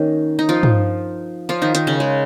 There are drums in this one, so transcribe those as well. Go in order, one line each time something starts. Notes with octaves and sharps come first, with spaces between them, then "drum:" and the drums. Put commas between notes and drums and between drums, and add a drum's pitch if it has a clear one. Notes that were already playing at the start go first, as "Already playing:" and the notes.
Already playing: D#3 A#3 C#4 D#4
D#4
F3 F4
drum: tom
F3 F4
D#3 D#4
D#3 D#4, drum: hi-hat
C#3 C#4
G#3